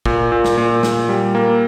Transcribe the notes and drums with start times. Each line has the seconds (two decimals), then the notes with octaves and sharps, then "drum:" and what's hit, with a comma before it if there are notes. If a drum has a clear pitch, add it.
0.05 A#2, drum: kick
0.32 A#2
0.45 drum: snare
0.57 A#2
0.83 A#2, drum: snare
1.09 G3
1.35 A#3